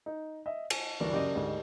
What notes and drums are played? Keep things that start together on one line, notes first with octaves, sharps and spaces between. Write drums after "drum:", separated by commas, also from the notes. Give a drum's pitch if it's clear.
D#4
D#5 E5
G#5, drum: cymbal
D2 G2 E3 F#4 A#4 D5
F#1 F#2 G4 D#5
D2 G#2